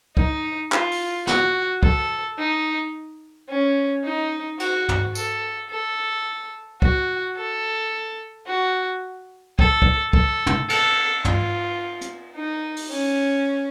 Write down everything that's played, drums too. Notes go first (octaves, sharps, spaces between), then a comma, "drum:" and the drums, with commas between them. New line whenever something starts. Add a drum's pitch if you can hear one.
D#4, drum: kick
F4, drum: clap
drum: open hi-hat
F#4, drum: snare
A4, drum: kick
D#4
C#4
D#4
F#4, drum: cymbal
drum: tom
A4, drum: tambourine
A4
F#4, drum: kick
A4
F#4
A4, drum: kick
drum: kick
A4, drum: kick
drum: tom
A4, drum: cymbal
F4, drum: tom
drum: hi-hat
D#4
drum: open hi-hat
C#4, drum: open hi-hat